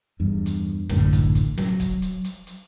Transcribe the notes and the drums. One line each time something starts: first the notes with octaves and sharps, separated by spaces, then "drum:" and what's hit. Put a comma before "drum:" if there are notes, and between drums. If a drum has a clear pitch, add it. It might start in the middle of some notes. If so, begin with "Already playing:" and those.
E2 G2
drum: hi-hat
A1 F#2 A2 D3, drum: snare
drum: kick, hi-hat
drum: hi-hat
F#3, drum: snare
drum: kick, hi-hat
drum: hi-hat
drum: hi-hat
drum: hi-hat